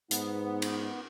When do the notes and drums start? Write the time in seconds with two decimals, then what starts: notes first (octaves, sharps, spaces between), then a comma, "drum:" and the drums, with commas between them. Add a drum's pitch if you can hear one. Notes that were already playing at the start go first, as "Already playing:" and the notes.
0.11 G#2 B3 D#4, drum: hi-hat
0.62 drum: cymbal